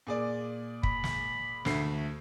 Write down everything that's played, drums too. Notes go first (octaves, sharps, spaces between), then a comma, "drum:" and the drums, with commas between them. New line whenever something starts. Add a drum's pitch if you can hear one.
A#2 G#4 D5
B5, drum: kick
drum: snare
D2 A3 C7, drum: snare